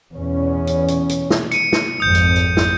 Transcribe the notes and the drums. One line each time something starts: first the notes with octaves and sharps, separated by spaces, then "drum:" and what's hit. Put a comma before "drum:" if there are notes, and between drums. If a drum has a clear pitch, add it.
E2 B2 C#4
drum: hi-hat
drum: hi-hat
drum: hi-hat
drum: snare
C#7 D#7, drum: hi-hat
drum: snare
G#1 F2 D#6 G6
drum: hi-hat
drum: hi-hat
drum: snare